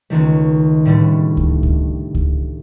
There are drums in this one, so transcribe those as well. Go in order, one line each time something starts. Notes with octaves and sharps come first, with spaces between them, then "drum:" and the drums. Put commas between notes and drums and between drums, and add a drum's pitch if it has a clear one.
C#2 D#3 A3
A2 D3 G3 A3
drum: kick C#2
drum: kick C#2
drum: kick C#2